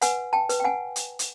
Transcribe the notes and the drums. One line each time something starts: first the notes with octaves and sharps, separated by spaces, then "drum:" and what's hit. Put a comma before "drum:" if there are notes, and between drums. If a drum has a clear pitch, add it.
B4 F#5 G#5, drum: hi-hat
G5 A5
B4, drum: hi-hat
G5
F#5 G#5
drum: hi-hat
drum: hi-hat